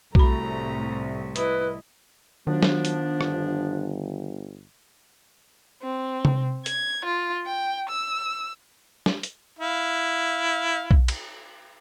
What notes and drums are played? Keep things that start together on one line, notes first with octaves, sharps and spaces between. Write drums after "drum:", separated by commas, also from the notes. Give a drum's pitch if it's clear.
C2 A2 A3 F#4 A#5 B5, drum: kick B1
E4 B4 D#5, drum: hi-hat
D#3 F3 F#3 B3 D4
drum: snare
drum: hi-hat
G1, drum: rim click
C4
drum: tom C3
G#6, drum: hi-hat
F4
G5
E6
drum: snare
drum: hi-hat
E4 F5
drum: kick B1
drum: cymbal